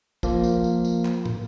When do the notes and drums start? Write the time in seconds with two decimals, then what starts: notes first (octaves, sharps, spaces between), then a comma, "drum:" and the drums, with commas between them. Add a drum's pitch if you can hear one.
0.23 F3 A#3, drum: kick, tambourine
0.44 drum: tambourine
0.64 drum: tambourine
0.85 drum: tambourine
1.05 drum: clap
1.26 drum: tom